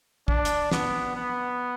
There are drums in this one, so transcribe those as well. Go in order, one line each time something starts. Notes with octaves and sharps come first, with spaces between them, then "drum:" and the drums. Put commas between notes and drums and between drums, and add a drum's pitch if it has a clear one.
D4, drum: kick
drum: hi-hat
B3, drum: snare
B3